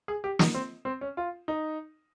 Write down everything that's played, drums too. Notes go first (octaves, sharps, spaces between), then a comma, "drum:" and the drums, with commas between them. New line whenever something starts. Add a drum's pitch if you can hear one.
G#4
G4
D#4, drum: snare
C4
C4
C#4
F4
D#4